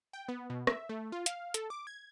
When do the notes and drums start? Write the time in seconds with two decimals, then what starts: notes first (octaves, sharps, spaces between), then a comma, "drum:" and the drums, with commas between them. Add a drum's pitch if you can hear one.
0.13 G5
0.28 B3
0.50 B2
0.67 E5, drum: rim click
0.89 A3
1.12 F4
1.26 F5, drum: hi-hat
1.54 A4, drum: hi-hat
1.70 D6
1.87 G#6